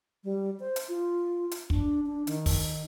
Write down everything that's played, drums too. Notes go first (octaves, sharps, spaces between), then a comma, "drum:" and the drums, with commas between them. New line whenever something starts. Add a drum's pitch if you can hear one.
G3
C5
drum: hi-hat
F4
drum: hi-hat
D4, drum: kick
D4
D#3, drum: hi-hat
drum: kick, open hi-hat